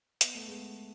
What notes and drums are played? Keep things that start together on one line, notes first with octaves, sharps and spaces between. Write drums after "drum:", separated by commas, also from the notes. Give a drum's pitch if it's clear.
B3, drum: hi-hat
A3
G#3 B3